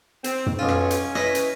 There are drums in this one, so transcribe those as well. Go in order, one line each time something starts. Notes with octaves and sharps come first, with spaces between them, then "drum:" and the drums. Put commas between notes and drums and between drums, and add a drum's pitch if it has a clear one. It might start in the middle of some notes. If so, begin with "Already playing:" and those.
C4, drum: hi-hat
drum: tom
B1 C#4 F4
drum: rim click
drum: hi-hat
E4 B4 D#5, drum: rim click
drum: hi-hat